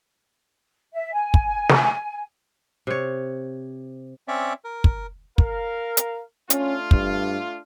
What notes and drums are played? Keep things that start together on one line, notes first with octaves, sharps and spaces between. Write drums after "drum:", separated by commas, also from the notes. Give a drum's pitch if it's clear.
E5
G#5
drum: kick
drum: snare
C3 C#5
C4 C#4 C#5 D5 E5
A#4
drum: kick
A#4 F5, drum: kick
drum: hi-hat
A3 C#4 D4 F4, drum: hi-hat
G2, drum: kick